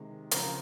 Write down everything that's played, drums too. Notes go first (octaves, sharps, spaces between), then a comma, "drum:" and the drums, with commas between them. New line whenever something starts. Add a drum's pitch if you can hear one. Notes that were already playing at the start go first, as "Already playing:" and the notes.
Already playing: C3 D#3 G#3
C#3 F3 C4 A#4, drum: hi-hat